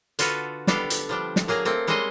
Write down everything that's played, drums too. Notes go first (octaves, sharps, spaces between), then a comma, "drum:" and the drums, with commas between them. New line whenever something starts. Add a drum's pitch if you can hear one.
D3 F4 F#4 A4 B4 F5, drum: hi-hat
G3 B3 D4 G4 A4 F5, drum: snare
drum: hi-hat
F3 G3 D4
drum: snare
F#3 A#3 G#4 G#5 A#5
A3 A#3 C4
G3 G#3 C4 C#4 C5 D#5